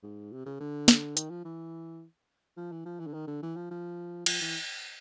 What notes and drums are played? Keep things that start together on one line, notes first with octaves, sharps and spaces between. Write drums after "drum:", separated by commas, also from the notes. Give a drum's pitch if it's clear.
G#2
C3
C#3
D3
drum: snare
D#3, drum: hi-hat
F3
E3
F3
E3
F3
E3
D3
D#3
D3
E3
F3
F3
F3, drum: cymbal
E3